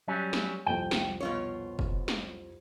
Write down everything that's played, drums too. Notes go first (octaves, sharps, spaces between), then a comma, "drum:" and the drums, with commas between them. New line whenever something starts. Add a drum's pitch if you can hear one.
F#3 G3 C#4
drum: snare
C2 F2 G5
drum: snare
B2 F4 C#5
drum: kick
drum: snare